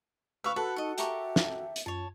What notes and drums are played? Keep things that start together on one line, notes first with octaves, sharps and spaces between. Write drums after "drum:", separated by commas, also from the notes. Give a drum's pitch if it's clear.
B4 F5 C#6 E6
F#4 A4 B4 F#5 F#6
D#4 D#5 C#6
G4 A#4 E5 C#6, drum: hi-hat
drum: snare
drum: hi-hat
F#2 F4 C#5 A5